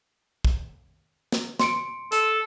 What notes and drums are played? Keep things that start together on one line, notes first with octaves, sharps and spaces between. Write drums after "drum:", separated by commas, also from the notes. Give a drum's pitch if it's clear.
drum: kick
drum: snare
C6 C#7 D7, drum: snare
A4, drum: hi-hat